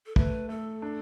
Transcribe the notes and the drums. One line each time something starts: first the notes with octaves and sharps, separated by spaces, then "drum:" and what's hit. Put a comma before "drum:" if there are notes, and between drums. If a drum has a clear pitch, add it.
A4
A3 B4, drum: kick
A3 A4
D4